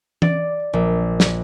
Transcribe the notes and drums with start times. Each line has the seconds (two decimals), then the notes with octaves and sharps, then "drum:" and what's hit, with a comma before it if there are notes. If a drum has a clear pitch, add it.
0.22 D5, drum: tom E3
0.73 A#1
1.20 drum: snare